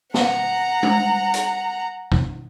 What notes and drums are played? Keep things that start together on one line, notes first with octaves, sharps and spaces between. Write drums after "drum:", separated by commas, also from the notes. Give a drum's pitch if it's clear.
F#5 A#5, drum: snare
drum: tom G#3
drum: hi-hat
drum: kick